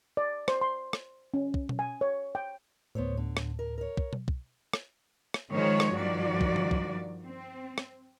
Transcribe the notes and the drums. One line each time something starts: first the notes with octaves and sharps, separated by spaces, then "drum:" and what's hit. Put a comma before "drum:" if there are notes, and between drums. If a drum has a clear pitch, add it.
D5
C5, drum: rim click
C6
drum: rim click
C#4
drum: kick
drum: tom B2
G#5
C#5
G5
D2 A2 B3 C5 C#5
D3
drum: rim click
A#4
A#4 C#5
drum: kick
drum: tom B2
drum: kick
drum: rim click
drum: rim click
D#3 F3 G#3 C5 C#5
drum: rim click
G2 D#3 F3 F#4 D5
drum: kick
drum: tom D3
drum: kick
C4
drum: rim click